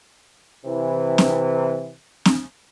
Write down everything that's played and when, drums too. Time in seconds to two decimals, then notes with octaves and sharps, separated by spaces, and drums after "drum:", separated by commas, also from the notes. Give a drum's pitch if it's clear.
0.65 C3 E3
1.18 drum: snare
2.25 drum: snare